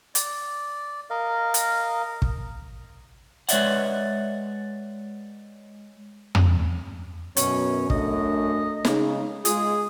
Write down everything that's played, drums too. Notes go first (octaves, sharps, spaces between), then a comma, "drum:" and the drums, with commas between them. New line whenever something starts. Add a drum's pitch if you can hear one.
D5, drum: hi-hat
A#4 D#5 F5
drum: hi-hat
drum: kick
G#3 B4 C#5 D5 E5 F#5, drum: hi-hat
drum: tom
F#2 B2 C#4, drum: hi-hat
F#2 A3 D4 D#5, drum: kick
C#3 G#3 D#4, drum: snare
G#3 F4 G#4, drum: hi-hat